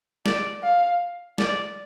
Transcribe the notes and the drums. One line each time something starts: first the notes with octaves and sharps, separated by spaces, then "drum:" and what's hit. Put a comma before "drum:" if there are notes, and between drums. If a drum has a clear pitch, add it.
D5, drum: snare
F5
D5, drum: snare